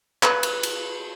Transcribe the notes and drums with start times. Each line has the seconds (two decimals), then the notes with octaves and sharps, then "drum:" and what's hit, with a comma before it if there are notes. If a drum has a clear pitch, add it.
0.23 B4, drum: clap
0.43 drum: cymbal
0.63 drum: cymbal